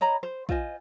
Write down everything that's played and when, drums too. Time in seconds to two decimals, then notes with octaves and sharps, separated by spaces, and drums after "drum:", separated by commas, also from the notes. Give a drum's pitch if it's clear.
0.01 C#5 D#5 A#5 B5
0.23 C5
0.49 F4 C5 D#5 G#5, drum: kick